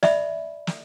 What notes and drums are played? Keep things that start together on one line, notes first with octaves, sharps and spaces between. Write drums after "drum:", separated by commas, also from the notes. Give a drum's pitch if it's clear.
D5 E5 B5, drum: snare
drum: snare